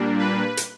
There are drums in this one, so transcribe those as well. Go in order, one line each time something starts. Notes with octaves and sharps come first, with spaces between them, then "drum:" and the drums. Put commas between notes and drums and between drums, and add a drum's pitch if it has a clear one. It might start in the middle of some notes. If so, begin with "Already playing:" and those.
Already playing: A#2 G3 A#3 D4
B4
drum: hi-hat